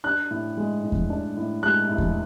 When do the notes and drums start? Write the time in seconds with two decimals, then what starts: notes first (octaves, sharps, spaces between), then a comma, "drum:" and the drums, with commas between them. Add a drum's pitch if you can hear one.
0.04 D4 F#6
0.31 A2
0.57 G#3
0.83 A2
0.92 drum: kick E2
1.10 D4
1.37 A2
1.63 G#3 F#6
1.89 A2
1.98 drum: kick E2